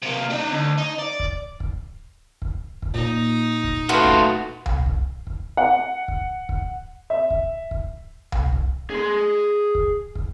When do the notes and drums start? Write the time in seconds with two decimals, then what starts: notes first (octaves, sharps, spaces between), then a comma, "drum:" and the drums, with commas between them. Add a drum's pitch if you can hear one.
0.02 C3 A#3
0.30 D4 D#4
0.51 D2
0.78 D#4
0.99 D5
1.20 drum: kick
1.60 drum: kick
2.42 drum: kick
2.82 drum: kick
2.94 A#2 D#4
3.64 drum: kick
3.89 A3 F4 F#4 B4
4.05 drum: kick
4.66 drum: tom C2
4.86 drum: kick
5.27 drum: kick
5.57 F#5
6.08 drum: kick
6.49 drum: kick
7.10 E5
7.30 drum: kick
7.71 drum: kick
8.32 drum: tom C2
8.53 drum: kick
8.90 G#4 C6
9.75 drum: kick
10.15 drum: kick